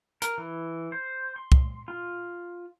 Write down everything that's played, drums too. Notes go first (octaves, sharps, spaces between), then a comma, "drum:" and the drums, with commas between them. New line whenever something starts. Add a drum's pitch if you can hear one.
A#4, drum: hi-hat
E3
C5
C6
drum: kick C2
F4